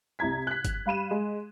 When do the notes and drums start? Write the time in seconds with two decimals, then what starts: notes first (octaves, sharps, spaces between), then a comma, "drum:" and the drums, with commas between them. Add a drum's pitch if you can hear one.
0.19 C2 E4 A#5 G#6 B6
0.47 F#6 B6
0.65 drum: kick G1, hi-hat
0.86 G3 F5 B5 D#7 E7
1.11 G#3